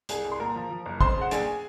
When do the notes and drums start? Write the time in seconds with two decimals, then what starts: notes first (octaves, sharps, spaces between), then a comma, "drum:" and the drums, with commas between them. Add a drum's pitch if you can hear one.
0.09 C2 G#4 G#5, drum: hi-hat
0.25 C2
0.32 C6
0.40 A#2 A#4 A#5
0.56 F3
0.70 F3
0.86 F#1
1.01 F2 C5 C6, drum: kick
1.17 C#3 F#5
1.31 A#1 G#4 G#5, drum: hi-hat